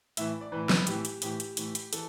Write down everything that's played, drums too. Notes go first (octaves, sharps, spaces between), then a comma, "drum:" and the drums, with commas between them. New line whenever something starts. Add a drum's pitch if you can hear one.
A2 E3 E5, drum: hi-hat
D5
A2 E3 B4
B4, drum: snare
A2 E3 G4, drum: hi-hat
drum: hi-hat
A2 E3 G4, drum: hi-hat
drum: hi-hat
A2 E3, drum: hi-hat
drum: hi-hat
E3 A4, drum: hi-hat